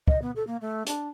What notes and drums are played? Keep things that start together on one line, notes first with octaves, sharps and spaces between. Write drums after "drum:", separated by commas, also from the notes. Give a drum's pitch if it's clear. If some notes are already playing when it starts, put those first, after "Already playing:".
D#5, drum: kick
B3
A4
A#3
A3
D4, drum: hi-hat